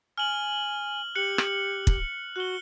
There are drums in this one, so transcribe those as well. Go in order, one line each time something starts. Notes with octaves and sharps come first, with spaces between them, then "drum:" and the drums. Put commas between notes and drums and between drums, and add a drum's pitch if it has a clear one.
G#5 F6 F#7
G4 F#6 C#7 F#7
drum: rim click
drum: kick
F#4 F#6 G7